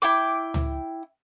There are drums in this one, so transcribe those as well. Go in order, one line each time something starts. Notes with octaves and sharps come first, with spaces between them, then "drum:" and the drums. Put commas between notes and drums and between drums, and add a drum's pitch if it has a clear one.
E4 G5 D6
drum: tom C#2